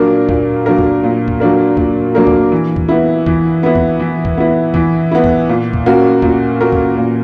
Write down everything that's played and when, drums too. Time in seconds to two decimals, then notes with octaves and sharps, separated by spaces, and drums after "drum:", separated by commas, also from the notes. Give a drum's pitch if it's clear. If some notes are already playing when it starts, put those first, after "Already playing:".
Already playing: A#2 F#3 A#3 D4 A#4
0.29 A#2, drum: kick
0.66 F#3 A#3 D4 A#4
0.78 drum: kick
1.03 A#2
1.28 drum: kick
1.40 F#3 A#3 D4 A#4
1.77 A#2, drum: kick
2.15 F#3 A#3 D4 A#4
2.27 drum: kick
2.52 E3
2.76 drum: kick
2.89 B3 E4
3.26 E3, drum: kick
3.63 B3 E4
3.75 drum: kick
4.00 E3
4.25 drum: kick
4.37 B3 E4
4.74 E3, drum: kick
5.11 B3 E4
5.24 drum: kick
5.49 A#2
5.73 drum: kick
5.86 A#3 C#4 F#4 A#4
6.22 A#2, drum: kick
6.60 A#3 C#4 F#4 A#4
6.72 drum: kick
6.97 A#2